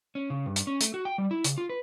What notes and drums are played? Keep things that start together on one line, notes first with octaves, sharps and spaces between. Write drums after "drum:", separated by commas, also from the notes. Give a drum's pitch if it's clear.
C#4
C#3
G2
drum: hi-hat
C#4
A3, drum: hi-hat
F#4
G5
G3
E4
C#3, drum: hi-hat
F4
B4